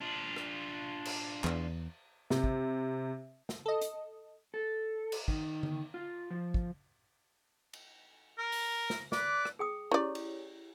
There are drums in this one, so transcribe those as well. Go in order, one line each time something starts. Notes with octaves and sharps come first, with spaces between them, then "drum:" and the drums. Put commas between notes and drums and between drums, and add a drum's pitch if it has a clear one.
D4 F4
drum: rim click
drum: cymbal
E2, drum: clap
C3, drum: snare
drum: kick
drum: snare
A4 D#5
drum: hi-hat
A4
drum: cymbal
D#3, drum: kick
drum: tom D3
F4
F3
drum: kick
drum: cymbal
A#4
drum: open hi-hat
drum: snare
B4 D5 D6, drum: snare
drum: rim click
G#4 G5 D#6
C#4 E4 G4 C#5 D5
drum: cymbal